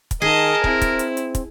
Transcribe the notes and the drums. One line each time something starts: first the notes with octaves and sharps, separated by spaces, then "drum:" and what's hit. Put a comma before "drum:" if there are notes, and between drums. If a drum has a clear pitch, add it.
drum: kick, hi-hat
D#3 G#4 A#4 D#5 A5
C4 E4, drum: kick
drum: kick, hi-hat
drum: hi-hat
drum: hi-hat
drum: kick, hi-hat